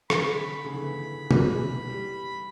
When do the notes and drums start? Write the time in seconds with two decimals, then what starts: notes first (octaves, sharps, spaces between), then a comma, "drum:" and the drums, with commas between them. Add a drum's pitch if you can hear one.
0.10 D3 B5, drum: rim click
0.65 C#3
0.74 D3
0.82 E3
1.31 drum: tom
1.54 E3
1.89 G3